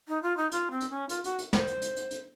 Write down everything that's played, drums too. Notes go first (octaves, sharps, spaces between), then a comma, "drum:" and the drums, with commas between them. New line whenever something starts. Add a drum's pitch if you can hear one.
D#4
F4
D#4
F4, drum: hi-hat
C4
drum: hi-hat
C#4
F4, drum: hi-hat
F#4, drum: hi-hat
drum: hi-hat
C5, drum: snare
drum: hi-hat
drum: hi-hat
drum: hi-hat
drum: hi-hat